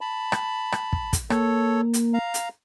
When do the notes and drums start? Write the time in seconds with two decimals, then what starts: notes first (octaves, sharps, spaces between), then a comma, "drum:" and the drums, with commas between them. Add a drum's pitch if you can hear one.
0.01 A5 B5
0.32 drum: rim click
0.72 drum: rim click
0.93 drum: kick
1.13 drum: kick, hi-hat
1.30 A#3 A4 C#5, drum: rim click
1.94 drum: hi-hat
2.14 F5 A#5
2.34 drum: hi-hat